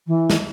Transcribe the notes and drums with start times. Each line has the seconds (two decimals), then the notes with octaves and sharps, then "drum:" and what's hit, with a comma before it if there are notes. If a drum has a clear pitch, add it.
0.07 E3
0.30 drum: snare